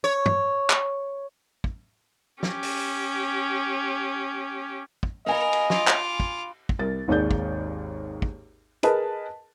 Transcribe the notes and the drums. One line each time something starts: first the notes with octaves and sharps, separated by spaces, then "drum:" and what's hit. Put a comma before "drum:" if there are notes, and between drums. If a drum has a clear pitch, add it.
C#5
drum: tom G2
drum: clap
drum: kick
C#4 G4, drum: snare
drum: open hi-hat
drum: kick
A#4 D#5 F5 G#5 B5
drum: cymbal
F4 D6, drum: snare
drum: clap
drum: kick
drum: kick
C2 A#4 A6
G#1 D#2 D#4 G#4 D5 G6
drum: kick
drum: kick
G#4 A#4 B4 D#5 A5, drum: hi-hat